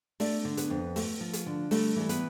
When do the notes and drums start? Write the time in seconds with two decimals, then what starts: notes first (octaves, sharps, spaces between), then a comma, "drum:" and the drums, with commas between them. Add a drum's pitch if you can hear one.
0.20 A3 D4 D5, drum: open hi-hat
0.45 D3
0.57 B3 B4, drum: hi-hat
0.70 F2
0.96 A3, drum: open hi-hat
1.21 F3
1.33 drum: hi-hat
1.46 D3
1.71 G3 A3 A4, drum: open hi-hat
1.96 E3 A4
2.09 B3 B4, drum: hi-hat